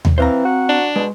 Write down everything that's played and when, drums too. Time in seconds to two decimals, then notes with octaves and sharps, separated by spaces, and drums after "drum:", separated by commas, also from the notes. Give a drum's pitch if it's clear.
0.05 drum: tom D#2
0.18 E3 C4 C5 F5 A#5
0.45 F#4
0.69 D4
0.96 B2 G#3